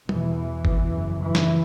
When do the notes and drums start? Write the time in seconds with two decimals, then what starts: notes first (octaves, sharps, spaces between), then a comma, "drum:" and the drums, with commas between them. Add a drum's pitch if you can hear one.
0.09 E2 B2 E3, drum: tom
0.65 drum: kick G1
0.84 F#2 C#3
1.21 E3
1.35 drum: snare